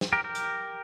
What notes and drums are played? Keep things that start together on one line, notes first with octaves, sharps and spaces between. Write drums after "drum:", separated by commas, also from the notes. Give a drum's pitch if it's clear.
drum: snare
G4 A#4
G4 A#4
drum: hi-hat